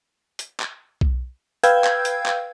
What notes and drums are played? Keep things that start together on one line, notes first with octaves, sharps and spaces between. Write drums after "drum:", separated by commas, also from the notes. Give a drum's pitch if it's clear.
drum: hi-hat
drum: clap
drum: kick B1
B4 F5 G5 E6 G6 G#6, drum: hi-hat
drum: clap
drum: hi-hat
drum: clap